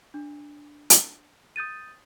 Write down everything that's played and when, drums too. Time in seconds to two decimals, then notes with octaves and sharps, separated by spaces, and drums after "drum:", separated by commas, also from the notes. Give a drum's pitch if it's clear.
0.14 D4
0.90 drum: hi-hat
1.56 D#6 G6 A6 D#7